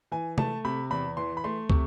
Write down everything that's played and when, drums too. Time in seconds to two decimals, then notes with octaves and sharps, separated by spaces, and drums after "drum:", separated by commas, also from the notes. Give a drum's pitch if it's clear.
0.12 E3 G#5
0.38 A3 A5, drum: tom C3
0.64 C3 B5
0.91 E2 B5
1.17 E3 C6
1.37 B5
1.44 A3 C6
1.70 C3 C#6, drum: kick